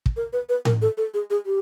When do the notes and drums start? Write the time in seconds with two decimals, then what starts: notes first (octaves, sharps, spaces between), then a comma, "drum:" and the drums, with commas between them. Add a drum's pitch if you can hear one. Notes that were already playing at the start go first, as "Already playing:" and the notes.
0.06 drum: kick
0.17 A#4
0.33 B4
0.49 B4
0.65 A#4, drum: tom A2
0.82 A4
0.97 A4
1.14 G#4
1.30 G#4
1.46 G4